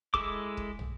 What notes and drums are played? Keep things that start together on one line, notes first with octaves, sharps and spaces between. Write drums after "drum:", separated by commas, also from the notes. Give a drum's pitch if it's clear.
G#3 E4 G#4 A4 D6, drum: kick
drum: kick
drum: tom